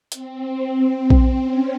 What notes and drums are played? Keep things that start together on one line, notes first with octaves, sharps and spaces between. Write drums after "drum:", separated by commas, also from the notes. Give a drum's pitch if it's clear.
C4, drum: hi-hat
C4
drum: kick A#1
C#4